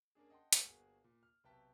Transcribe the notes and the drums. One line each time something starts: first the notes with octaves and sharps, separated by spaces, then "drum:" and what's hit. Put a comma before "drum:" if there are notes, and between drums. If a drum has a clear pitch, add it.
A#3 C#4 D4 G#4
D#5 F#5 G5 A5 C6
drum: hi-hat
G1 A#3 F#4 G#4
A#2
F6
B1 C3 B4 G5 A5 B6